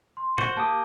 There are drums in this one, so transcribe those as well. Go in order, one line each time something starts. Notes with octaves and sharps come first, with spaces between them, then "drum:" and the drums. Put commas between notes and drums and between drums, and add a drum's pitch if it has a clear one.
C6
F#4 C5, drum: tom A2
A#3 G4 A5 D#6